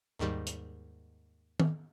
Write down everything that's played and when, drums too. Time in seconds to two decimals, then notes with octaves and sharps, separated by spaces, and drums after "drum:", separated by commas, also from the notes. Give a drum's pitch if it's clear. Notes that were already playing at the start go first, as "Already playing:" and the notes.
0.19 D#2 G#2 D#3 G3
0.47 drum: hi-hat
1.60 drum: tom D#3